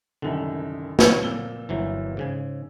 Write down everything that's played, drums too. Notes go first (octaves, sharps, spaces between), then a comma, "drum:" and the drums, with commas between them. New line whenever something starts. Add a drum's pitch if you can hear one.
C2 F#2 D3 D#3
D#4 C#5, drum: snare
A#2 E6 G7
G1 E3 F#3
G#2 C#3 G#5